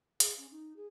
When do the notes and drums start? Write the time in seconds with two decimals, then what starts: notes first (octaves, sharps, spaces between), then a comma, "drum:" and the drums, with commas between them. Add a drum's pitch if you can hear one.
0.20 G#4, drum: hi-hat
0.38 C#4
0.51 D#4
0.76 G#4